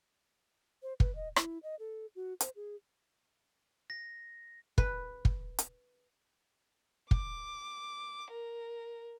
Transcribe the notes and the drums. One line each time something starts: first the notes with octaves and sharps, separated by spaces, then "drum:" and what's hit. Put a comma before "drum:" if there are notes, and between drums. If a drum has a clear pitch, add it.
C5
B4, drum: kick
D#5
E4, drum: rim click
D#5
A4
F#4
C5, drum: hi-hat
G#4
A#6
B4, drum: kick
drum: kick
drum: hi-hat
D6, drum: kick
A#4